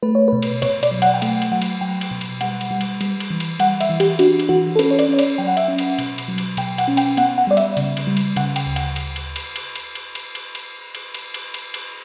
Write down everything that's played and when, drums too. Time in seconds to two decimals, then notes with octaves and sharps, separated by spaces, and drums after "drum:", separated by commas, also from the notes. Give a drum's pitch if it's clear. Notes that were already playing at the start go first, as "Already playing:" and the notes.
0.03 A3 B4
0.15 C#5
0.28 B2 B4
0.42 drum: cymbal
0.62 B2 C#5, drum: cymbal
0.83 D5, drum: cymbal
0.92 F#3
1.02 F#5, drum: cymbal
1.14 G5
1.22 A3 F#5, drum: cymbal
1.42 drum: cymbal
1.52 F#3 F#5
1.62 drum: cymbal
1.81 F#3 G5
2.01 drum: cymbal
2.11 B2
2.21 drum: cymbal
2.41 G3 F#5, drum: cymbal
2.61 drum: cymbal
2.71 G3
2.81 drum: cymbal
3.01 G3, drum: cymbal
3.20 drum: cymbal
3.30 E3
3.40 drum: cymbal
3.59 G3 F#5, drum: cymbal
3.81 E5, drum: cymbal
3.90 E3
4.00 G4, drum: cymbal
4.19 D4 F#4, drum: cymbal
4.40 drum: cymbal
4.49 E3 F#4
4.76 A4
4.79 C#4 B4, drum: cymbal
4.91 C#5
4.99 D5, drum: cymbal
5.09 C#4
5.14 C#5
5.19 D5, drum: cymbal
5.38 F#3 G5
5.47 F#5
5.57 E5, drum: cymbal
5.66 C#4 F#5
5.78 drum: cymbal
5.99 B2, drum: cymbal
6.18 drum: cymbal
6.28 F#3
6.38 drum: cymbal
6.57 B2 G5, drum: cymbal
6.78 F#5, drum: cymbal
6.88 C#4
6.97 G5, drum: cymbal
7.17 B3 F#5, drum: cymbal
7.38 F#5
7.47 G3 D5
7.57 E5, drum: cymbal
7.77 C#3, drum: cymbal
7.97 drum: cymbal
8.07 G3
8.17 drum: cymbal
8.36 C#3 F#5, drum: cymbal
8.56 G5, drum: cymbal
8.66 D2
8.76 F#5, drum: cymbal
8.96 drum: cymbal
9.16 drum: cymbal
9.36 drum: cymbal
9.56 drum: cymbal
9.75 drum: cymbal
9.95 drum: cymbal
10.15 drum: cymbal
10.35 drum: cymbal
10.55 drum: cymbal
10.95 drum: cymbal
11.14 drum: cymbal
11.34 drum: cymbal
11.54 drum: cymbal
11.74 drum: cymbal